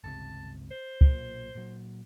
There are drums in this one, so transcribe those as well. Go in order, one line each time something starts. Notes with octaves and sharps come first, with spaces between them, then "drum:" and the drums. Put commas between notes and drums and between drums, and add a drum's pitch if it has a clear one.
G1 C#2 C3 A5
C5
B1 A#2, drum: kick C#2
A#2 F#3